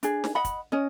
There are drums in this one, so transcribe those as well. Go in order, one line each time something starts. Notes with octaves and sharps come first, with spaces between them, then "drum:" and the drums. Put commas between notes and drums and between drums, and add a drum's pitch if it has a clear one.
D4 G#4, drum: hi-hat
drum: snare
D#5 F#5 B5
drum: kick, hi-hat
C#4 D#5